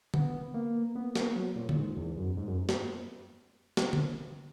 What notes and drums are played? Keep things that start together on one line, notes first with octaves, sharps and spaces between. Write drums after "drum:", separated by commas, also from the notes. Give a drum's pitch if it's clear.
B3, drum: tom
A#3
B3
A#3, drum: snare
F#3
A#2
A#2, drum: tom
G#2
E2
F#2
G#2
F#2
drum: snare
drum: snare
drum: tom